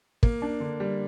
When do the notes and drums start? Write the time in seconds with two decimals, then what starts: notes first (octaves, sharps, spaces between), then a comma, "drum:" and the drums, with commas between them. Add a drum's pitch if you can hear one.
0.23 A#3, drum: kick
0.42 D4
0.60 D3
0.80 G3